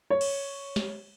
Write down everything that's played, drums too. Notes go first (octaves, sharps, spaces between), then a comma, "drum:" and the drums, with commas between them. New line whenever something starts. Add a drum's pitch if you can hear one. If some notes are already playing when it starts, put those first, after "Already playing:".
C#5
drum: cymbal
drum: snare